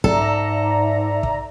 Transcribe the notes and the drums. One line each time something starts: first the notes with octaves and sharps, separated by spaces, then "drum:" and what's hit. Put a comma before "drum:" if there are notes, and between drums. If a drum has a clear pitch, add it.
G#2 A4 D5 E5 A#5, drum: kick
drum: kick